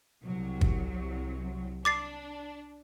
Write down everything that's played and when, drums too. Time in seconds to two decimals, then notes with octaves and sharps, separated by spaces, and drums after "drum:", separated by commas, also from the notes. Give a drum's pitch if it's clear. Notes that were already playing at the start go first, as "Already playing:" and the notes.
0.24 C2 C3 F#3
0.61 drum: kick
1.85 D4 D6 A6 C7